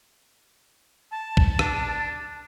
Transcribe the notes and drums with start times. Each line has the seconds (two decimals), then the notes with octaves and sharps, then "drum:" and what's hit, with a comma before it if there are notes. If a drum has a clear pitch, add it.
1.11 A5
1.37 drum: kick
1.59 D4, drum: rim click